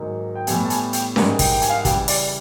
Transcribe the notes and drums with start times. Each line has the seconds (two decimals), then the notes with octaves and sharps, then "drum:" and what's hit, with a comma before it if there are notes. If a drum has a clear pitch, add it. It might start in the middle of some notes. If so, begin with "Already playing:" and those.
Already playing: G#2 D#3 F#3 A#3
0.35 G5
0.47 A2 E3 G3 B3 G#5, drum: hi-hat
0.64 A5
0.70 G#5, drum: hi-hat
0.93 G5, drum: hi-hat
1.16 G#2 E3 G3 A#3, drum: snare C#4
1.39 G5, drum: kick, open hi-hat
1.52 G5
1.62 G#5, drum: hi-hat
1.69 F5
1.77 F#5
1.85 C#3 E3 G3 G5, drum: kick, hi-hat
2.08 D5, drum: open hi-hat